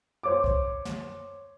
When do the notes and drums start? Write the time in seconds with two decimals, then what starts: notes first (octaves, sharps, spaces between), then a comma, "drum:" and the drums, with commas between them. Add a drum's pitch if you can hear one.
0.23 C5 C#5 D6
0.44 drum: kick
0.85 drum: snare